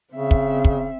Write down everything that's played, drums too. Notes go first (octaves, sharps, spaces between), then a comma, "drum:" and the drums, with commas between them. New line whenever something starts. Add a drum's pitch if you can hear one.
C#3 C4 E5
drum: kick
drum: kick